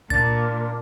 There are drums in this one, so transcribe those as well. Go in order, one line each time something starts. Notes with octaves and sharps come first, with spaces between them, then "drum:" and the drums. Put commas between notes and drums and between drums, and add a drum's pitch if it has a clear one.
A#2 A#3 D4 A#4 A6, drum: kick C2